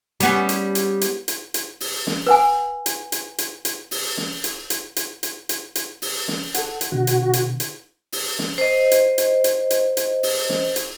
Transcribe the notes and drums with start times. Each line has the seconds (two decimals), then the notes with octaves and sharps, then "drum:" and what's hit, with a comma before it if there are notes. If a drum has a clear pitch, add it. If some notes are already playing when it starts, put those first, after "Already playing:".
0.20 G3 B3 C#4, drum: hi-hat
0.49 drum: hi-hat
0.75 drum: hi-hat
1.01 drum: hi-hat
1.28 drum: hi-hat
1.54 drum: hi-hat
1.80 drum: open hi-hat
2.07 drum: snare
2.27 B4 F#5 G#5
2.86 drum: hi-hat
3.12 drum: hi-hat
3.38 drum: hi-hat
3.65 drum: hi-hat
3.91 drum: open hi-hat
4.17 drum: snare
4.44 drum: hi-hat
4.70 drum: hi-hat
4.96 drum: hi-hat
5.23 drum: hi-hat
5.49 drum: hi-hat
5.75 drum: hi-hat
6.02 drum: open hi-hat
6.28 drum: snare
6.54 A4 F#5, drum: hi-hat
6.81 drum: hi-hat
6.92 B2 D3 F#4
7.07 drum: hi-hat
7.33 drum: hi-hat
7.60 drum: hi-hat
8.12 drum: open hi-hat
8.39 drum: snare
8.58 C5 D#5
8.91 drum: hi-hat
9.18 drum: hi-hat
9.44 drum: hi-hat
9.70 drum: hi-hat
9.97 drum: hi-hat
10.23 drum: open hi-hat
10.49 drum: snare
10.76 drum: hi-hat